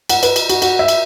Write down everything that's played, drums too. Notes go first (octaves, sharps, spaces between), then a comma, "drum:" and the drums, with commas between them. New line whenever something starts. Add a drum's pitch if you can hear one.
F#5, drum: cymbal
B4, drum: cymbal
drum: cymbal
F#4, drum: cymbal
F#4, drum: cymbal
E5
drum: cymbal